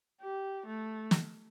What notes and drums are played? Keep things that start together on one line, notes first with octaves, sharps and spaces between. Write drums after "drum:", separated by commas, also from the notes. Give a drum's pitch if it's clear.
G4
A3
drum: snare